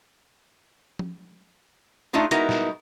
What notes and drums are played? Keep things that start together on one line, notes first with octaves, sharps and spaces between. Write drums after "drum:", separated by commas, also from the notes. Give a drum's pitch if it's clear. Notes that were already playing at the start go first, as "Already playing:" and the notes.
drum: tom F3
A3 D4 D#4 F4 G#4
G#3 B3 D#4 E4 F#4 A#4, drum: hi-hat
drum: snare